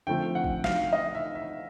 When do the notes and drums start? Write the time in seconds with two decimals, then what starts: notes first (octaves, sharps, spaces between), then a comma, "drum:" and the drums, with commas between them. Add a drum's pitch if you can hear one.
0.07 D3 F3 A3 C4 G5
0.35 F#5
0.44 drum: kick G#1
0.64 F5, drum: snare
0.93 D#5
1.15 E5
1.35 E5